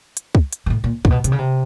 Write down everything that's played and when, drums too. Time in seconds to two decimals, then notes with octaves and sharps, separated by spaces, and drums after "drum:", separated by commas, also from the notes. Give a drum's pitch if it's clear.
0.17 drum: hi-hat
0.35 drum: kick
0.53 drum: hi-hat
0.66 A#2
0.70 A2
0.84 A#2
1.05 A#2, drum: kick
1.11 B2
1.24 C3, drum: hi-hat
1.32 C#3
1.38 C3